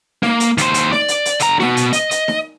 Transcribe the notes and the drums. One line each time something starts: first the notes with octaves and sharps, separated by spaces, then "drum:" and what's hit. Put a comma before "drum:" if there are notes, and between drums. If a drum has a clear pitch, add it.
A#3, drum: snare D#4
drum: hi-hat
D#2 C5, drum: hi-hat
drum: hi-hat
D5, drum: snare D#4
drum: hi-hat
drum: hi-hat
D3 A#5, drum: hi-hat
B3 F#4, drum: snare D#4
drum: hi-hat
D#5, drum: hi-hat
drum: hi-hat
drum: snare D#4